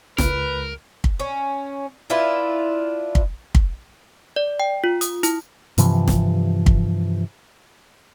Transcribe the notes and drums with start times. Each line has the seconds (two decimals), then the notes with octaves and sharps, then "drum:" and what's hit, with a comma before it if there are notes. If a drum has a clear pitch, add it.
0.18 C#2 A#4 B4, drum: snare
1.04 drum: kick
1.20 C#4
2.10 D4 E4 F4 B4
3.15 drum: kick
3.55 drum: kick
4.36 D5
4.60 G5
4.84 F4
5.01 D#6, drum: hi-hat
5.23 E4, drum: hi-hat
5.78 G2 C3 E3 F3, drum: hi-hat
6.08 drum: snare
6.66 drum: kick